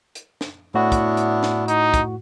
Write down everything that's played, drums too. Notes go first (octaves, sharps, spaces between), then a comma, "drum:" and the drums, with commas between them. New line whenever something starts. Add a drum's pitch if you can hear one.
drum: hi-hat
drum: snare
A2 B3 D4 E4 F#4
drum: kick, hi-hat
drum: hi-hat
drum: snare
D#4, drum: hi-hat
drum: kick, hi-hat